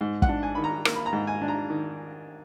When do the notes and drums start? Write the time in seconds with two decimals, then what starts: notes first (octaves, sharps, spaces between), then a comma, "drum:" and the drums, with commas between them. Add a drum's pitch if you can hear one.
0.01 G#2
0.22 F#5, drum: kick
0.29 D4
0.43 G#5
0.55 D#3 B5
0.64 A#5
0.85 A#3, drum: rim click
0.96 B5
1.06 A#5
1.13 G#2
1.27 G#5
1.42 D4
1.48 A#5
1.70 D#3